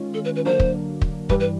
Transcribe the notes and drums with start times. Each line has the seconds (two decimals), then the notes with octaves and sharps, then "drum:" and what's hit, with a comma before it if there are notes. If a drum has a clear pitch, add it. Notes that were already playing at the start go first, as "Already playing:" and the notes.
Already playing: D#3 G#3 C#4 F4
0.14 A4
0.25 B4
0.36 B4
0.45 D3 F#3 A#3 D4 C5
0.60 drum: kick
1.02 drum: kick
1.29 G2 E3 G3 B4, drum: kick
1.40 B4